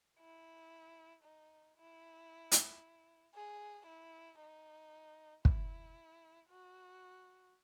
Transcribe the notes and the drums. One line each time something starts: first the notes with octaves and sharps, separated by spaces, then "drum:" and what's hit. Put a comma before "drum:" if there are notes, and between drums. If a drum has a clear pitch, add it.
E4
D#4
E4
drum: hi-hat
G#4
E4
D#4
E4, drum: kick
F#4